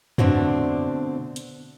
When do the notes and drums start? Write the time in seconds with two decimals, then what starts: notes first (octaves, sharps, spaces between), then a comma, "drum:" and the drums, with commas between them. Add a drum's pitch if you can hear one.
0.18 B2 D3 A3 C4 D4, drum: tom
1.36 drum: hi-hat